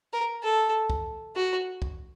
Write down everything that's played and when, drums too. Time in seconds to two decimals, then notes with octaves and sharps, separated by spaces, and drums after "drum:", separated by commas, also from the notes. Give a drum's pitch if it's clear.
0.13 A#4
0.43 A4
0.90 drum: kick
1.36 F#4
1.82 drum: kick